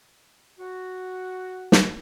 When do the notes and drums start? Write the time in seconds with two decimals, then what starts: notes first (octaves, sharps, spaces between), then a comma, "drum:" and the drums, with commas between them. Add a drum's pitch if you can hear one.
0.59 F#4
1.72 drum: snare